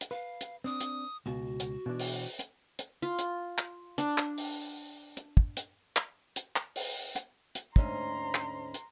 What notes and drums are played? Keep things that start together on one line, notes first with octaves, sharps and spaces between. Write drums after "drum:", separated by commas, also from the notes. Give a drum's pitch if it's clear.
drum: hi-hat
B4 F5
drum: hi-hat
C4 D4 D#6
drum: hi-hat
C#2 B2 F#4
drum: hi-hat
B2 E3 D4
drum: open hi-hat
drum: hi-hat
drum: hi-hat
F4
drum: hi-hat
drum: clap
D4, drum: hi-hat
drum: clap
drum: open hi-hat
drum: hi-hat
drum: kick
drum: hi-hat
drum: clap
drum: hi-hat
drum: clap
drum: open hi-hat
drum: hi-hat
drum: hi-hat
D2 G#2 C#4 A#5 C6, drum: kick
drum: clap
drum: hi-hat